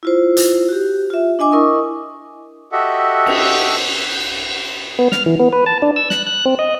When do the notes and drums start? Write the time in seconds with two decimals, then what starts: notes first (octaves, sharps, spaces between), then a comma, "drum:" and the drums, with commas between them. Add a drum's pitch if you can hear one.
0.03 E4 F4 C5
0.37 drum: hi-hat
0.69 F#4 G4
1.10 F4 E5
1.39 D4 D#5 G#5 D6
1.51 E4 A#4 D#5 C#6 D#6
2.72 F#4 G4 A4 D#5 E5 F#5
3.26 drum: cymbal
4.99 B3
5.12 F6, drum: snare
5.26 E3
5.40 B3
5.53 B4
5.66 A5
5.82 D4
5.96 E6
6.10 F#6, drum: snare
6.26 F#6
6.46 C4
6.59 D#5